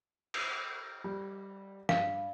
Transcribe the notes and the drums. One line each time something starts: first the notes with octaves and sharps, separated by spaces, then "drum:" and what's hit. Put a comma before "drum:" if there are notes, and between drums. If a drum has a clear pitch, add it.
drum: cymbal
G3
G2 F5, drum: snare